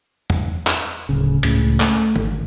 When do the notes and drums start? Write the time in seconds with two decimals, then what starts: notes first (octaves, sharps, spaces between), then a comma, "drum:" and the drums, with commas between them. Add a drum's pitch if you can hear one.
0.30 drum: tom E2
0.67 drum: clap
1.09 D1 C#3
1.43 C#2 A2 C#3, drum: hi-hat
1.80 A3, drum: clap
2.16 G#1, drum: tom D3